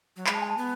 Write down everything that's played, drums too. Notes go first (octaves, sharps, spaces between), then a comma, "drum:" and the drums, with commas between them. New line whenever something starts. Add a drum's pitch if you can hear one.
F#3
G#3 B5, drum: clap
A5
G#5
A5
B3